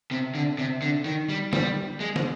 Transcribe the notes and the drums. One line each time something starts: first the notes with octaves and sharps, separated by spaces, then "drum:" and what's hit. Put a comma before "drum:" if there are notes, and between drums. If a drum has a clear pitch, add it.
C3
D3
C3
D3
D#3
G3
G3, drum: snare
G#3
drum: snare